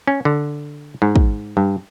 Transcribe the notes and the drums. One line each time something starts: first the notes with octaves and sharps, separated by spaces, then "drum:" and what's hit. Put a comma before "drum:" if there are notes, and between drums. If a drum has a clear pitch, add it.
C#4
D3
G#2
drum: kick
G2